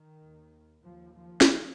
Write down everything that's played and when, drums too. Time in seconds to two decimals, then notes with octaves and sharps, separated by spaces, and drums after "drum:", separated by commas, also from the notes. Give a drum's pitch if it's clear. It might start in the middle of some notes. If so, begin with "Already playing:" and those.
Already playing: D#3
0.22 D#2
0.84 D#2 F3
1.15 F3
1.41 drum: snare